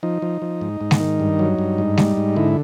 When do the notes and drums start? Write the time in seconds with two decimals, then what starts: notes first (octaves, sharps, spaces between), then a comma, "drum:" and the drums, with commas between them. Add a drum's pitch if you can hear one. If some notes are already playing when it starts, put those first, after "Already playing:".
0.03 F3 D#4
0.22 F3
0.42 F3
0.61 G#2
0.81 G#2
0.91 drum: snare G#3
1.00 D#3
1.20 G2
1.39 F#3
1.59 G2
1.78 G#2
1.97 G3, drum: snare G#3
2.17 G#2
2.36 D3 E4